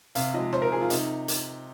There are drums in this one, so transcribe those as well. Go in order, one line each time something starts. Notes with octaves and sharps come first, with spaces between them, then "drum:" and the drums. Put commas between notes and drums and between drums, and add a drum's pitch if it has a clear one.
C3 F5, drum: hi-hat
F3 G#3 D#5
C3 C5, drum: rim click
A#4
F3 G#3 G#4
F4
C3 D#4, drum: hi-hat
drum: hi-hat